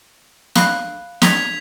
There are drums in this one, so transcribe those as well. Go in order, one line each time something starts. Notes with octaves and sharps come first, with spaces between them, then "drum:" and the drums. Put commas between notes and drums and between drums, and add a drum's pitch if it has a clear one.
F5 B5 F#6, drum: snare
G#6 B6 F7, drum: snare